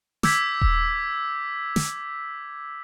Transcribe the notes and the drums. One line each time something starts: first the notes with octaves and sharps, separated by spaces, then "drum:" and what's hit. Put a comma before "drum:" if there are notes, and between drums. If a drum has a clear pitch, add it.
D6 E6 G6 G#6 B6, drum: snare
drum: kick D#1
drum: snare